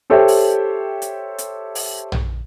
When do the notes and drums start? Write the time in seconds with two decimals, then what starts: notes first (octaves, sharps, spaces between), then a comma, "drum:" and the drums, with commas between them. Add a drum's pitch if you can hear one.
0.10 G4 A4 C5 C#5 E5 G5
0.28 drum: open hi-hat
1.02 drum: hi-hat
1.38 drum: hi-hat
1.75 drum: open hi-hat
2.12 drum: tom A#1